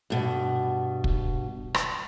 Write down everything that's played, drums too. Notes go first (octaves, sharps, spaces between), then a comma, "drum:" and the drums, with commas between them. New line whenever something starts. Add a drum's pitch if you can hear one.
G2 B2
drum: kick
drum: rim click